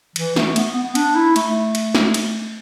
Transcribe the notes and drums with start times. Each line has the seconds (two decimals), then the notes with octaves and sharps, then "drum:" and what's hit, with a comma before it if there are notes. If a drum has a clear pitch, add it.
0.16 E3, drum: cymbal
0.36 A3, drum: snare
0.56 B3, drum: cymbal
0.76 B3
0.95 D4, drum: cymbal
1.15 E4
1.36 A3, drum: cymbal
1.75 drum: cymbal
1.95 drum: snare
2.14 drum: cymbal